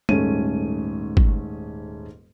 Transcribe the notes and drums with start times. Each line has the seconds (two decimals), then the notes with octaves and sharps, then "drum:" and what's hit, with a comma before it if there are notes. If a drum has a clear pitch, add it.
0.09 D#1 G#2 A3 C#4 D#7, drum: tom
1.17 drum: kick